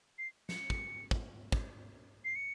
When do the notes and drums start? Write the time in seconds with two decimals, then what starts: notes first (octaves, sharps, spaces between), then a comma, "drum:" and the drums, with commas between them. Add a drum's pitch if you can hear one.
0.18 C7
0.49 C#7, drum: snare
0.70 drum: kick
1.11 drum: kick
1.52 drum: kick
2.25 C7
2.35 C#7